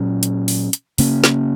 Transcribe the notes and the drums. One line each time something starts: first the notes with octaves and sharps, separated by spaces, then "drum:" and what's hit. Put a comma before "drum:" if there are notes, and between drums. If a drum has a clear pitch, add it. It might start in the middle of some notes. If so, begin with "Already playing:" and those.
Already playing: A#2 F#3 C#4
drum: hi-hat
drum: open hi-hat
drum: hi-hat
C#3 A#3 C#4, drum: open hi-hat
drum: snare